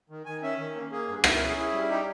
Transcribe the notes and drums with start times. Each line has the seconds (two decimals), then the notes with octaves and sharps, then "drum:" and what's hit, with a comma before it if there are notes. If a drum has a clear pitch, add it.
0.10 D#3
0.26 D#3 G#5
0.43 C#4 E5
0.58 D#3
0.75 A#3
0.91 A#3 G#4
1.08 G2
1.24 E4 B4, drum: rim click
1.35 A#4
1.40 C#4
1.46 G#4
1.56 E4 G#4
1.72 G3
1.89 D#4 G4